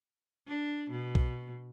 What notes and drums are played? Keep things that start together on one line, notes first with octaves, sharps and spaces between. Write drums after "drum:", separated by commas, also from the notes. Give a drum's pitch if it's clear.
D4
B2
drum: kick B1